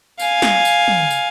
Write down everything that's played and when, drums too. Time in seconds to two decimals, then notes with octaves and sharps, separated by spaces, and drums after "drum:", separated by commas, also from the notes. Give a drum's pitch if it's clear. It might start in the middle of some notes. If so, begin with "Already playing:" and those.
0.19 F5 G#5, drum: tambourine
0.42 drum: snare
0.65 drum: tambourine
0.88 drum: tom
1.11 drum: tambourine